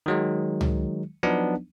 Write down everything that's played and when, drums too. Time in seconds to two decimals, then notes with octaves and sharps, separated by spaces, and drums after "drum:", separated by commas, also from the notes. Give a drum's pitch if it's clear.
0.06 D#3 F#3 G#3
0.61 drum: tom C#2
1.23 F3 F#3 B3 D4 D#4